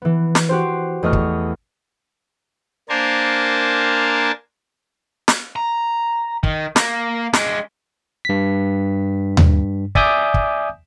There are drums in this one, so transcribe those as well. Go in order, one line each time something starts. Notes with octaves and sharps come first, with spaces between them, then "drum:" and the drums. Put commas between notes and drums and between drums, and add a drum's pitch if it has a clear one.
E3 B3
drum: snare
F#4 G4 C5
E2 A3 D#5 C#6 F6
drum: kick
A#3 D4 A#4 C5 G#5 A5
drum: snare
A#5
D#3, drum: kick
A#3, drum: snare
G#3 D4, drum: snare
G2 B6
drum: tom D#2
D5 E5 G#5 D6 D#6 G6, drum: kick
drum: kick